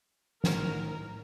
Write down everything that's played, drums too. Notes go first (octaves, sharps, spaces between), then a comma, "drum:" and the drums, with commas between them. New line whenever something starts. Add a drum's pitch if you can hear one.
A2 D#3 A#4, drum: snare